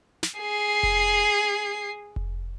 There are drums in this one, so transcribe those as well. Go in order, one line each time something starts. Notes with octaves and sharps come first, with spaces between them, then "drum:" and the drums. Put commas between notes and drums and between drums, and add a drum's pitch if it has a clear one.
drum: snare
G#4 C7
drum: kick F1
drum: kick F1